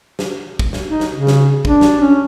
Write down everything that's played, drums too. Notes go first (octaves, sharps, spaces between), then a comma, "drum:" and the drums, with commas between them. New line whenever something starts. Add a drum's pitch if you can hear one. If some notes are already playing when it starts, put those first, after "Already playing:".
drum: snare
drum: kick
drum: snare
D#4
drum: snare
C#3
drum: snare
D4, drum: kick
drum: snare
C#4